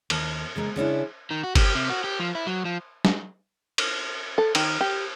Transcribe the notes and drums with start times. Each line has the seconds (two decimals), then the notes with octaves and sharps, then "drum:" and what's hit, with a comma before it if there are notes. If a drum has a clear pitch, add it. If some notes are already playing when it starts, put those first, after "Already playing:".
0.10 D#2 A5, drum: cymbal
0.56 C#3 G#3 A#3
0.76 C#3 C#4 D4 E4
1.31 D#3
1.44 F#4
1.55 G4, drum: kick G1, cymbal
1.75 C3
1.90 F#4
2.04 G4
2.20 F3
2.35 E4
2.47 F#3
2.65 F3
3.05 drum: snare
3.78 drum: cymbal
4.38 A4
4.55 D#3, drum: cymbal
4.81 G4